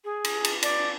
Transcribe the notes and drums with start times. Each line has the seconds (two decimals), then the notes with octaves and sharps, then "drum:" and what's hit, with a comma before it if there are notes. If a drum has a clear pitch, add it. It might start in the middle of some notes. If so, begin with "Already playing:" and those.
0.04 G#4
0.24 drum: cymbal
0.44 drum: cymbal
0.62 D5, drum: cymbal